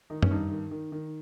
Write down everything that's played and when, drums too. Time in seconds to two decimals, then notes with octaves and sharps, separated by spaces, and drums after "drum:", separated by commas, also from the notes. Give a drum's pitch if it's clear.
0.10 D#3 D#4
0.23 C#4, drum: tom
0.31 G2 D#4
0.51 D#3
0.71 D#3
0.92 D#3